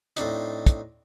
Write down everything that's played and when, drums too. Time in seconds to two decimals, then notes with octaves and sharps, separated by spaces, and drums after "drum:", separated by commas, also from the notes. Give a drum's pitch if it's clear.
0.17 A2 C4 D4 D#4, drum: hi-hat
0.66 drum: kick, hi-hat